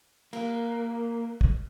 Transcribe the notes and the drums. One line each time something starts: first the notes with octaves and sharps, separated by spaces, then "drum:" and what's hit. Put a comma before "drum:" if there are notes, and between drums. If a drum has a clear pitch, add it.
A#3, drum: cymbal
drum: kick